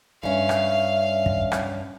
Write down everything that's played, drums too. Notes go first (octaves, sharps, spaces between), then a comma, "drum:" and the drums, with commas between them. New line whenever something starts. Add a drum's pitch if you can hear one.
G2 C#4 E5 F5
drum: rim click
drum: kick
drum: rim click